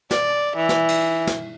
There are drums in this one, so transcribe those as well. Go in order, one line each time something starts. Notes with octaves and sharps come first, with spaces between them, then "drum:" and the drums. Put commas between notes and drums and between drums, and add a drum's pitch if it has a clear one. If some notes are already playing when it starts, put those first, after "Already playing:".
D5, drum: snare
E3
drum: snare
drum: cymbal
drum: snare